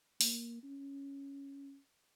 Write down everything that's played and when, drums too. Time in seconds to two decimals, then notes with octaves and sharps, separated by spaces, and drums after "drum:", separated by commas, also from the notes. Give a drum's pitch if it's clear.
0.21 A#3, drum: open hi-hat
0.63 C#4